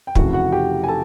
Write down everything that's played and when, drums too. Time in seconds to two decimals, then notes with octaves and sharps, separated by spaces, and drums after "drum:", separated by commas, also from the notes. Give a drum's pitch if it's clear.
0.07 G5
0.15 F1 F2 C#3 E3 F#4 F#5, drum: kick
0.33 F#4 F#5
0.52 G4 G5
0.84 G#5
0.88 A4 A5